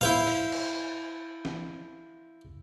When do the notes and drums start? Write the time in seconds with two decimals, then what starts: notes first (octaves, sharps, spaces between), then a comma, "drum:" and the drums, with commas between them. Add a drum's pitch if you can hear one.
0.01 E4 C5 F5, drum: tom A2
0.27 drum: open hi-hat
0.52 drum: cymbal
1.45 drum: snare